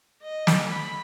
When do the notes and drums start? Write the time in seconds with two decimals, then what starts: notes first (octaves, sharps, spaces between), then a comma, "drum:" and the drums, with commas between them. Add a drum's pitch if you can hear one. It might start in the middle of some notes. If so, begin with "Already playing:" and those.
0.23 D#5
0.47 drum: snare
0.69 B5